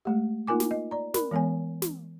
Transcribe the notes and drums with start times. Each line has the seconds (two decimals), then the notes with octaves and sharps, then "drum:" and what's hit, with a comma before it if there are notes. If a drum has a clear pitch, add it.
0.05 G#3 A3 G4
0.47 A#3 D#4 F4 A#4 G#5 D6
0.60 drum: snare
0.71 D#5
0.91 D5 A#5
1.14 A#4 B5, drum: snare
1.31 E3 G#3 B3 C#5 G#5
1.82 drum: snare